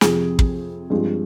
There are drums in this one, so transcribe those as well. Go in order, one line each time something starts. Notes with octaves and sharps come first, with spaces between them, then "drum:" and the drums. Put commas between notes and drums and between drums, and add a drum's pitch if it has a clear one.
F2 C3 F3 C4 G#4, drum: snare
drum: kick
G2 F3 G#3 C4